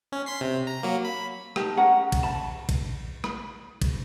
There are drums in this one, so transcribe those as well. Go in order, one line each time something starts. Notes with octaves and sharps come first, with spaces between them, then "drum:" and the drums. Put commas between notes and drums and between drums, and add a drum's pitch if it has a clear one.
C#4
C6 B6 C7
C3
A#5
F#3 A#3
B5
D#4 G4 A#4 A5, drum: rim click
C#4 A#4 F#5 A#5
drum: kick A1, cymbal
A5 B5
drum: kick A1, cymbal
B5, drum: rim click
drum: kick A1, cymbal